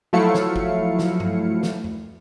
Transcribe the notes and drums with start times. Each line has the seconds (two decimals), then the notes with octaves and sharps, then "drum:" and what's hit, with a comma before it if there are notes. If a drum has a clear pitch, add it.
0.13 F3 F#3 A3 E4 F5 C#7
0.34 drum: snare
0.56 drum: kick
0.99 drum: snare
1.20 drum: tom G2
1.63 drum: snare
1.84 drum: tom F2